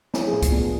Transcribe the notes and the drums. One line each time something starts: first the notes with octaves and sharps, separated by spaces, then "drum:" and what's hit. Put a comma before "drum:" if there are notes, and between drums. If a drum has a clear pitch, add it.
F3 E4, drum: snare
G#4
A2 F4
drum: kick, hi-hat
B3 D4